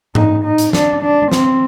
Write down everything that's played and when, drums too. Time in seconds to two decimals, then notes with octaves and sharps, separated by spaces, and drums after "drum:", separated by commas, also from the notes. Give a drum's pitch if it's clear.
0.15 D#4, drum: tom G#2
0.44 D#4
0.58 drum: hi-hat
0.73 D4, drum: snare
1.03 D4
1.32 C4, drum: snare